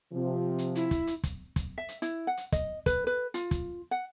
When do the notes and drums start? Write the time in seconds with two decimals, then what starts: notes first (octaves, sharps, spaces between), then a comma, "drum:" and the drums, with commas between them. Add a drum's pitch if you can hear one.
0.13 C3 F3
0.59 drum: hi-hat
0.75 E4, drum: hi-hat
0.91 drum: kick, hi-hat
1.07 drum: hi-hat
1.24 drum: kick, hi-hat
1.56 drum: kick, hi-hat
1.78 E5
1.89 drum: hi-hat
2.02 E4, drum: hi-hat
2.27 F#5
2.37 drum: hi-hat
2.52 D#5, drum: kick, hi-hat
2.86 B4, drum: kick, hi-hat
3.07 B4
3.34 F4, drum: hi-hat
3.51 drum: kick, hi-hat
3.91 F#5